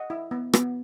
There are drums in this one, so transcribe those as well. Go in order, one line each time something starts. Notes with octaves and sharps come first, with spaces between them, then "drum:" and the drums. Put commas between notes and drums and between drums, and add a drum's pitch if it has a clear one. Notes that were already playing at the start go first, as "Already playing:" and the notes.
Already playing: D#5 F#5
E4
B3
B3, drum: rim click